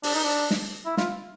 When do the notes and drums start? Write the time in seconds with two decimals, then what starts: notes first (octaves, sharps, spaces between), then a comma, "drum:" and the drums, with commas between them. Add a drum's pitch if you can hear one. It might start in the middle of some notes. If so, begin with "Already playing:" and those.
0.03 D4, drum: open hi-hat
0.14 D#4
0.24 D4
0.51 drum: snare
0.86 E4
0.97 F4, drum: snare